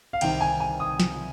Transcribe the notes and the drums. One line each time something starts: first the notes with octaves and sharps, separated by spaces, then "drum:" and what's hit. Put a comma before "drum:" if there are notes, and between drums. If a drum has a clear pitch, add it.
F5
C2 C3 D#3 G5, drum: cymbal
G#5
G#5
D#6
drum: snare